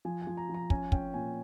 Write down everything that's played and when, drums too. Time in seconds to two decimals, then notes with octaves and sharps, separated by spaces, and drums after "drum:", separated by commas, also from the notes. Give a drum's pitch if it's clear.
0.05 F3 G#5
0.22 G#5
0.27 F3
0.37 A#5
0.49 F3 A#5
0.70 C#4 G#5, drum: kick
0.92 C#4 G5, drum: kick
1.14 A#2 G#5